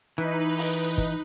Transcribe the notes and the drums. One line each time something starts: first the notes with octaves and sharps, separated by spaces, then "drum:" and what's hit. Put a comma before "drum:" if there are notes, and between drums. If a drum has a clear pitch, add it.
E3 D#4 B4, drum: hi-hat
drum: open hi-hat
drum: hi-hat
drum: kick, hi-hat